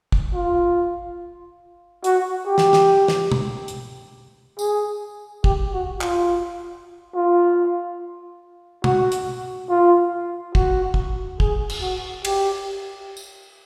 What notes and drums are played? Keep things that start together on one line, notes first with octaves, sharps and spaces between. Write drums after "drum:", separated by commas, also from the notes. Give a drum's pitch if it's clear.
drum: kick
F4
F#4, drum: hi-hat
G4
drum: snare
drum: snare
drum: snare
drum: tom
drum: hi-hat
G#4, drum: tambourine
G4, drum: kick
F#4
F4, drum: clap
F4
F#4, drum: tom
drum: hi-hat
F4
F#4, drum: kick
drum: kick
G#4, drum: kick
drum: cymbal
F#4
G4, drum: cymbal
drum: tambourine